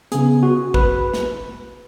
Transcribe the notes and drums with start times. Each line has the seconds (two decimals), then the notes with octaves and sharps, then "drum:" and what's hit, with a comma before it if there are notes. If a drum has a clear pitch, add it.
0.12 C#3 B3 G#4, drum: hi-hat
0.43 F#4
0.74 B4, drum: kick
1.14 drum: snare